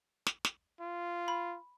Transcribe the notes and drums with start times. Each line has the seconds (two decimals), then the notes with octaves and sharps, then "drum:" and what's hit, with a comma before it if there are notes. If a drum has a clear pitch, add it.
0.27 drum: snare
0.45 drum: snare
0.81 F4
1.28 B5